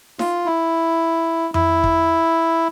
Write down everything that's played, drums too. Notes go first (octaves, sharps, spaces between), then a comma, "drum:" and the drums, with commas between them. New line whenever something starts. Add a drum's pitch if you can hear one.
F4, drum: snare D#4
E4
E4, drum: tom F2
drum: kick